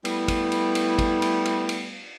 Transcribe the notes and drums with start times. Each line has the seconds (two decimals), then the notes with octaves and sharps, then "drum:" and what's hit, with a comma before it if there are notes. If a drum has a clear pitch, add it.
0.05 G3 A3 B3 E4, drum: cymbal
0.28 drum: kick, cymbal
0.52 drum: cymbal
0.75 drum: cymbal
0.99 drum: kick, cymbal
1.22 drum: cymbal
1.45 drum: cymbal
1.69 drum: cymbal